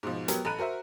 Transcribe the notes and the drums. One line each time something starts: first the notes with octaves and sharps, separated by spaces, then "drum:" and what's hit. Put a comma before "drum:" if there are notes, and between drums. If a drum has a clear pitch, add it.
G#2 B2 F3
F#3 B3 G4 A#4, drum: hi-hat
A1 A4 A#5 B5 F#6 D#7
F#4 A#4 C5 E5